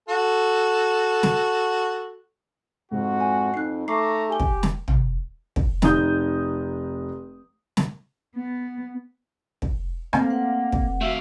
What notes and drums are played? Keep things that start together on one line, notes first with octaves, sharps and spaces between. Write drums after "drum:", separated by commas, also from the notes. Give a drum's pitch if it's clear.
F#4 A4
drum: snare
F2 G#2 F#4
G#5
F2 D#4 F#6 C7
A3 A#5 C#6 D6 C7
G4 G#4 G#5 G7
drum: kick
drum: snare
drum: tom
drum: kick
F1 D#4 D#6 G6, drum: snare
drum: snare
B3
drum: kick
A3 A#3 C4 F5, drum: rim click
B4 F#5
drum: kick
A3 F#4 E5 F5